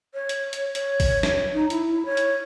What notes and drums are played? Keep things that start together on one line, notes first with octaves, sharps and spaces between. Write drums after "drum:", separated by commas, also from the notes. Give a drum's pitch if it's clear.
C#5
drum: hi-hat
drum: hi-hat
C#5, drum: hi-hat
drum: kick A1, open hi-hat
drum: snare
D#4
E4, drum: hi-hat
C#5
drum: hi-hat